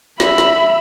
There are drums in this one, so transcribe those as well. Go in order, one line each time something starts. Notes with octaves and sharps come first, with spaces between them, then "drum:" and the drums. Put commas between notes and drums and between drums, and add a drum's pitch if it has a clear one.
E5 B5, drum: snare
drum: snare